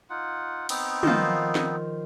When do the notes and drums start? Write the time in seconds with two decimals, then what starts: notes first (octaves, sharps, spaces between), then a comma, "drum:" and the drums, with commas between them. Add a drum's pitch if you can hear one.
0.10 D#4 F4 F#5
0.69 B3 C4 D#4, drum: cymbal
1.03 D#3 F3, drum: tom
1.55 drum: snare